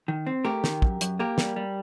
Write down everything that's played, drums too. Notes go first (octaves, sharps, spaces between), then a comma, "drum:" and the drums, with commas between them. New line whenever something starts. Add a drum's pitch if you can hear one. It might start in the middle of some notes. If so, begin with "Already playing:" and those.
D#3
C4
A3 G4 A#4
D#3, drum: snare
F#2, drum: kick
F#2, drum: hi-hat
A#3 G4 A#4
G3, drum: snare
G3